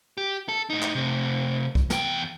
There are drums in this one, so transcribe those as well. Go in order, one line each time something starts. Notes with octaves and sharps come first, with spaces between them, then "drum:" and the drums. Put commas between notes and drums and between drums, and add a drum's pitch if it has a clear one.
G4
A4
A2 D#4
drum: clap
C3 A3
drum: kick B1
E2 G5, drum: snare